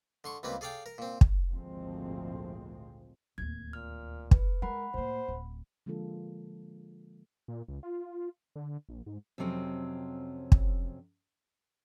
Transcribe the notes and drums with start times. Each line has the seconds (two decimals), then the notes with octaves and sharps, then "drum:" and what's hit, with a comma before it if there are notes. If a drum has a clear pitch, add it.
0.24 D3 C6 C#6
0.43 C#2 G3 A#3 C4 B4
0.61 G#4 A4 D5 F5 G5
0.86 A#4
0.98 A#2 C4
1.21 drum: kick
1.52 G#1 D2 A#2 F3 G#3 C4
3.38 D1 D#2 G#6
3.73 A#2 F6
4.31 B4, drum: kick
4.62 G#3 A#4 F#5 B5
4.94 A2 A#3 C5
5.28 D1
5.86 D3 F3 G#3 A#3 F4 A4
7.48 A#2
7.68 C#2
7.83 F4
8.56 D3
8.89 A#1
9.06 G#2
9.38 F2 C3 F#3 C4 C#4
10.52 drum: kick